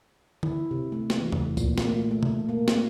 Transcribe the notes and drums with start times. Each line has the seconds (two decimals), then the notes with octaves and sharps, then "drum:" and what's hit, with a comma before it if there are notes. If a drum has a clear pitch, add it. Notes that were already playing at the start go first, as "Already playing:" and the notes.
0.43 E4, drum: tom D3
0.71 C3
0.92 A3
1.10 drum: snare
1.21 E3
1.32 drum: tom E2
1.57 A#2, drum: kick B1, tambourine
1.78 A#3, drum: snare
1.92 A3
2.11 A3
2.23 drum: tom B2
2.49 A#3
2.68 drum: snare